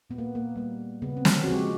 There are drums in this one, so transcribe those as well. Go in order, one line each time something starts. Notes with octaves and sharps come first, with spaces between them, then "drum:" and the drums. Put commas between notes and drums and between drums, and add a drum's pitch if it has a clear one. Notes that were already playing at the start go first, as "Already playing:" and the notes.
A#2 B3
A#3
A#3
G3 A#3
C#3 B3
C4
C#4, drum: snare
F#4
F3 G#3 G4